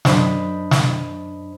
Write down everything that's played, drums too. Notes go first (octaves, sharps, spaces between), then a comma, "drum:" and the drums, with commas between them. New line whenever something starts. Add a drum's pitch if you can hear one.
F#2 D4 C5 D#5 B5, drum: snare
drum: snare